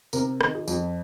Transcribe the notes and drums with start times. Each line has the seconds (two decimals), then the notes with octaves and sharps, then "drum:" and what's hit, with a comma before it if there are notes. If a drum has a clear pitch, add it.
0.13 C3 A#4, drum: tambourine
0.41 D#3, drum: rim click
0.55 G#4
0.68 F2, drum: tambourine